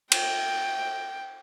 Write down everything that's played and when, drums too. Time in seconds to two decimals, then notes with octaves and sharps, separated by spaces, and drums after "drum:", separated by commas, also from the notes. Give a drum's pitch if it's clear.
0.12 G5, drum: cymbal